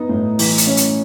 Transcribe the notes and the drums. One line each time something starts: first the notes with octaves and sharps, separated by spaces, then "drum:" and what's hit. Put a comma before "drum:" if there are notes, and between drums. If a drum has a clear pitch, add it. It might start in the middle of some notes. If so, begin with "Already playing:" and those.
Already playing: B3 D#4
A2
E3, drum: open hi-hat
drum: hi-hat
C#4
drum: hi-hat